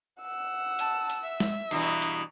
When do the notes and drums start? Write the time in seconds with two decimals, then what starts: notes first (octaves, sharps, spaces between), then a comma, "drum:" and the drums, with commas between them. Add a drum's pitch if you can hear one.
0.21 F#5 E6
0.79 A5, drum: hi-hat
1.10 drum: hi-hat
1.22 E5
1.40 drum: snare
1.71 G2 B2 E3 A#5, drum: hi-hat
2.02 drum: hi-hat